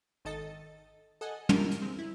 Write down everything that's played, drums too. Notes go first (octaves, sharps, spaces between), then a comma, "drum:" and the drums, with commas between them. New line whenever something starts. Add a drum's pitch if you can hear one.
G#1 D#3 A4 D#5 A6
A4 D#5 F#5 G#5
A#3 E4 F4 G4 A#4, drum: tom
drum: hi-hat
G#3 C4
E4